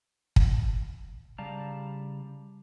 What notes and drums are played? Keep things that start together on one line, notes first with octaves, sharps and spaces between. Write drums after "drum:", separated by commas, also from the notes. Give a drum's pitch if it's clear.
drum: kick
C#3 G3 D5 F5 A5 A#5